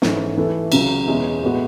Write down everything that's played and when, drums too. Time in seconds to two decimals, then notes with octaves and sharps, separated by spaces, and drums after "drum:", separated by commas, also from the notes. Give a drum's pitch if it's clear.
0.02 G#2 E3 A3 C#4 E4, drum: snare
0.37 E3 A3 E4 A4
0.72 C#2 C#3 F#3, drum: cymbal
1.07 E2 B2 G#3 C#4 E4
1.43 A2 G#3 B3 F#4 B4